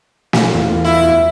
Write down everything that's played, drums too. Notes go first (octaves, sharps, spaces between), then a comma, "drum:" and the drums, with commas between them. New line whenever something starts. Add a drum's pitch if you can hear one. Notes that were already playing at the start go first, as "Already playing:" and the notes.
drum: snare
E2 F4
E4